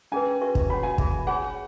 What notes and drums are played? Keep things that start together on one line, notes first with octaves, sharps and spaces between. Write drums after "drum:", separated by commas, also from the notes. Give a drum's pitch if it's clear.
C#4 G#4 B4 G#5
F#4 B4 E5 C#6
drum: kick
F#4 C#5 F#5 B5
G#5
G#4 E5 B5, drum: kick
G#4 C#5 F#5 G#5 B5